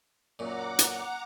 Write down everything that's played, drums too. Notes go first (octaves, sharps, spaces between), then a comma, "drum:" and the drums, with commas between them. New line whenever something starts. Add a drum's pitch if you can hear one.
F#2 A#2 F#5 A#5 D6
drum: hi-hat